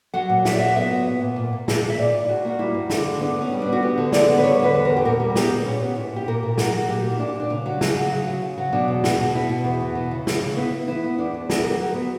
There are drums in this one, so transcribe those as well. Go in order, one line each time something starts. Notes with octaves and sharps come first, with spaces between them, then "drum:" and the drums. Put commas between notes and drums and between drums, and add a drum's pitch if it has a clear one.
F#3 F#5
A#2
A#2 E5, drum: snare
D5
F#3 E5
B3 E5
B3
A#2
A#2
A#2
A#2
A#2, drum: snare
A#2
E5
A#2 D5
A#2
E4
A#2 F#4
A#3 F#4
G3 E4
G2
D3 D4, drum: snare
D3
B3 D4
B3 C#4
G3
B3 D4
F#4
B3 G4
D3
D3 D5, drum: snare
B3
B4
G3 C#5
D3 B4
E2
B3 A#4
G4
A#2 A#4
G3
B3 G4, drum: snare
A#2
A#2 C#4
B3
A#2 E4
A#2 G4
A#2 A#4
A#2
F#3 A#4, drum: snare
F#3
A#2 G4
A#3
E4
A#2 D4
A#2 D4
C#3 C#4
F#3
C#3, drum: snare
F#3
C#3
C#3
C#3
F#3
B2 D4
E2
B2, drum: snare
B2
B2 E4
B2
E2
B2
E3
C#3
C#3, drum: snare
C#3
B3 E4
B3
E3 E4
B3
E2 D4
E2
B3, drum: snare
F#3 A#4
G4
F#3 F#4
B3